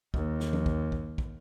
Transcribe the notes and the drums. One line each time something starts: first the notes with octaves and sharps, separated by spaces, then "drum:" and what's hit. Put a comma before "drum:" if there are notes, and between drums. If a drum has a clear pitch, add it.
D#2, drum: kick
drum: snare
drum: tom F3
drum: kick
drum: kick
drum: kick